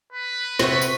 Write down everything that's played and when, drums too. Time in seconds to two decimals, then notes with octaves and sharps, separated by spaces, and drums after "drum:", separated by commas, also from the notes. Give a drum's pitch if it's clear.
0.12 B4
0.59 C3 B3 C5 C#6, drum: snare
0.82 drum: tambourine